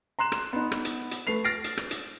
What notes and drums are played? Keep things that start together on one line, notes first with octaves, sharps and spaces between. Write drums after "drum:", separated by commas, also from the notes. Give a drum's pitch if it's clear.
A#5 C6 F#6 E7
drum: rim click
B3 D#4
drum: rim click
drum: hi-hat
drum: hi-hat
A3 B4 C7 F7
F6 A6 A#6 C7 D7
drum: hi-hat
drum: rim click
drum: hi-hat